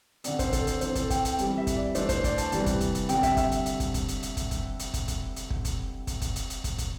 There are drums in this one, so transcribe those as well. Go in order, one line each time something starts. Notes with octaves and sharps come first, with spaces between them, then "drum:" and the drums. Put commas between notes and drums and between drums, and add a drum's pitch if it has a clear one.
D3 C4 D5, drum: hi-hat
C5, drum: kick, hi-hat
A4, drum: kick, hi-hat
C5, drum: hi-hat
E3 C4 C5, drum: hi-hat
A4, drum: kick, hi-hat
G5, drum: kick, hi-hat
G5, drum: hi-hat
E3 G3 C4, drum: hi-hat
E5
drum: kick, hi-hat
D5
E3 A3 D4 C5, drum: hi-hat
C5, drum: kick, hi-hat
D5, drum: kick, hi-hat
A5, drum: hi-hat
C3 E3 G3, drum: hi-hat
drum: kick, hi-hat
drum: kick, hi-hat
drum: hi-hat
D3 G3 C4 G5, drum: hi-hat
E5, drum: kick, hi-hat
E5, drum: kick, hi-hat
drum: hi-hat
drum: hi-hat
drum: kick, hi-hat
drum: kick, hi-hat
drum: hi-hat
drum: hi-hat
drum: kick, hi-hat
drum: kick, hi-hat
drum: hi-hat
drum: kick, hi-hat
drum: kick, hi-hat
drum: hi-hat
drum: kick
drum: kick, hi-hat
drum: kick, hi-hat
drum: kick, hi-hat
drum: hi-hat
drum: hi-hat
drum: kick, hi-hat
drum: kick, hi-hat